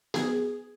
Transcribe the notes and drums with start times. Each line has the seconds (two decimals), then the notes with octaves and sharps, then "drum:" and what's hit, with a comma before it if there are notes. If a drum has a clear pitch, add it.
0.14 G#4, drum: snare B3